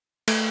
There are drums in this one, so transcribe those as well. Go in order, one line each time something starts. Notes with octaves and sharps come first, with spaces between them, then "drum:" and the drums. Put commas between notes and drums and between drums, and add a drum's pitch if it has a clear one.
A3, drum: cymbal